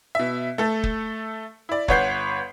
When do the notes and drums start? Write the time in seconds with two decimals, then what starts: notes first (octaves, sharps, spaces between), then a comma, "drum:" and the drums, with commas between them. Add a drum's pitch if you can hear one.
0.15 B2 E5
0.58 A3 A4
0.83 drum: kick
1.69 E4 D5
1.88 G1 B4 C#5 F#5 G6 C7, drum: kick